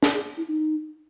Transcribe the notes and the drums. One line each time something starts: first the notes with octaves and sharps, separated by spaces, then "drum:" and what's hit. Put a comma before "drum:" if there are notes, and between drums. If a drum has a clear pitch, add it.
G#4, drum: snare
G#4
E4
D#4